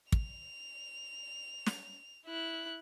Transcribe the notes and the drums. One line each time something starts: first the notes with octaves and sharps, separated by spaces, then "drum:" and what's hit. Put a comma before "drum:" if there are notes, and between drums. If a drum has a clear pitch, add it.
F7, drum: kick
drum: snare
E4 F#6